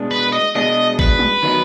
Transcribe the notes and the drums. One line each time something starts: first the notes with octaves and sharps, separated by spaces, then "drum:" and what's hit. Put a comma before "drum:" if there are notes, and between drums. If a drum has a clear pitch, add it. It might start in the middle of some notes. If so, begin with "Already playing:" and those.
Already playing: B2 G#3 B3 D4
B4
D#5
B2 G#3 B3 D4 D#5
B4, drum: kick
drum: tom
D#3 F#3 B3 D#4